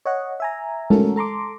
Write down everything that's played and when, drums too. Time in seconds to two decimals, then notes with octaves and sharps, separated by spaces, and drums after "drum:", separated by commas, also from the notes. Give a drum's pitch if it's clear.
0.05 C#5 D#5 F#5
0.40 E5 G#5 A#5
0.90 A3 C#4 F#4 A4 A#4, drum: tom G#3
1.16 A4 A#5 C6 D6